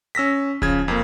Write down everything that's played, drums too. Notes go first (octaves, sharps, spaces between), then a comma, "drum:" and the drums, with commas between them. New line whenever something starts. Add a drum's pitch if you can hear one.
C#4 E6 A#6 B6
C#3 F3 G#6, drum: kick D#1
F2 A#3